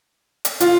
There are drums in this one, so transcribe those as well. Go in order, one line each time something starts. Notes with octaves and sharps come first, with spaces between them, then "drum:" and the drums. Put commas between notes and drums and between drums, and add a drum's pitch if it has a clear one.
drum: hi-hat
F4, drum: hi-hat